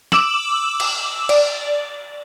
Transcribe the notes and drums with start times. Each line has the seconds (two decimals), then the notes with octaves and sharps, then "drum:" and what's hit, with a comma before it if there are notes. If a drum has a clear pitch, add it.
0.12 D6 E6 E7 F#7, drum: snare
0.80 drum: cymbal
1.29 D5, drum: cymbal